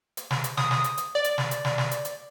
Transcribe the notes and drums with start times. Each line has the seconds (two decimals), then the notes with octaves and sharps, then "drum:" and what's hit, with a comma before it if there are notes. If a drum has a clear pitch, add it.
0.17 drum: hi-hat
0.31 drum: snare
0.44 drum: hi-hat
0.57 D#6, drum: snare
0.71 drum: snare
0.84 drum: hi-hat
0.98 drum: hi-hat
1.15 D5
1.24 drum: hi-hat
1.38 drum: snare
1.51 drum: hi-hat
1.65 drum: snare
1.78 drum: snare
1.91 drum: hi-hat
2.05 drum: hi-hat